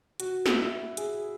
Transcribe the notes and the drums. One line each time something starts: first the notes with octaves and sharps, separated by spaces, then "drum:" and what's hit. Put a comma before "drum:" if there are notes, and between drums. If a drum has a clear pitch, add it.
F#4, drum: hi-hat
drum: snare
E4
G#4, drum: hi-hat